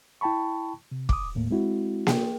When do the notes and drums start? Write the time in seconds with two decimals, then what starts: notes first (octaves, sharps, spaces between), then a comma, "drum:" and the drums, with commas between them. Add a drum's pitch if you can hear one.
0.21 E4 G5 A5 B5 C#6
0.92 C3
1.09 D6 D#6, drum: kick
1.35 D#2 A2 A#3
1.50 G#3 C4 E4 F#4
2.07 G#4 G5, drum: snare A#3